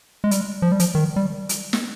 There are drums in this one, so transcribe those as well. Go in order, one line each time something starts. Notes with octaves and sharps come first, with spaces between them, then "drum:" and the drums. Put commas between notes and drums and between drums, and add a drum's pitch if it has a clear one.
G#3
G3, drum: hi-hat
F3
G3
F3, drum: hi-hat
D#3
G3
drum: hi-hat
drum: snare